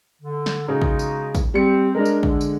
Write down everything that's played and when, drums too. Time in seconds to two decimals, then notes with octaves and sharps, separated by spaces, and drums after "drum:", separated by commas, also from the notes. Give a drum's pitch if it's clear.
0.22 D3
0.46 drum: snare
0.68 C#3 G#3 D#4 F#4
0.82 drum: kick
0.99 drum: tambourine
1.35 drum: kick, tambourine
1.54 G3 C4 C#7
1.95 G#3 D4 A#4
2.05 drum: tambourine
2.23 D3, drum: kick
2.41 drum: tambourine